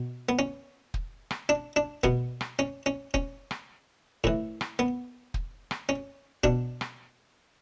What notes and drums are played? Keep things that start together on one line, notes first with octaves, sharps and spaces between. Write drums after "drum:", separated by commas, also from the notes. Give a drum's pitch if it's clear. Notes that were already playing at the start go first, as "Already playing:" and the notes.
Already playing: B2
B3
C#4
drum: kick
drum: rim click
D4
D4
B2 B3, drum: kick
drum: rim click
C#4
C#4
C#4, drum: kick
drum: rim click
A2 E3, drum: kick
drum: rim click
B3
drum: kick
drum: rim click
C#4
B2 D4, drum: kick
drum: rim click